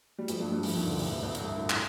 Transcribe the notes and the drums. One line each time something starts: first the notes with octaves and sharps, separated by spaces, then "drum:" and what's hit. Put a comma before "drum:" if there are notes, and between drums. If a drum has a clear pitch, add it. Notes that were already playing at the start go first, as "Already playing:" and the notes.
G3
F2 F3, drum: hi-hat
G2 G3
G2 G3
F2 F3, drum: open hi-hat
D#2 D#3
D2 D3
C2 C3, drum: open hi-hat
C2 C3
C2 C3
A2, drum: hi-hat
G2
A2
A#2
A2, drum: clap